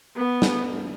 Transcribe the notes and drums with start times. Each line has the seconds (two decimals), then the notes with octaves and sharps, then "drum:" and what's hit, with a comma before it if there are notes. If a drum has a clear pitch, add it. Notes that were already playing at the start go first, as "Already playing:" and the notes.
0.17 B3
0.42 drum: snare